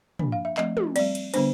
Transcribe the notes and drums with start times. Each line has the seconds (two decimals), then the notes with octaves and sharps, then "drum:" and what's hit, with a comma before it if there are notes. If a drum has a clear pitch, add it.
0.19 F3 A#3 D4, drum: tom
0.32 F5
0.45 E5
0.58 F3 A3 C4 D#5, drum: clap
0.77 drum: tom
0.96 G3 C4 D5, drum: cymbal
1.15 drum: cymbal
1.34 D3 G3 B3 D4 C5, drum: cymbal